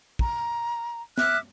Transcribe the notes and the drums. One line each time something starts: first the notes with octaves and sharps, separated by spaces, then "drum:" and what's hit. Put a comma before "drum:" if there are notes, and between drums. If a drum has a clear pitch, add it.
A#5, drum: kick
E5 D6 F6 F#6, drum: snare